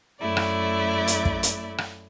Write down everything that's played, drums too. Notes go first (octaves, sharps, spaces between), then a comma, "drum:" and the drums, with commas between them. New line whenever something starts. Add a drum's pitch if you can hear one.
F#2 A3 E4 D5
drum: rim click
drum: hi-hat
drum: kick
drum: hi-hat
drum: rim click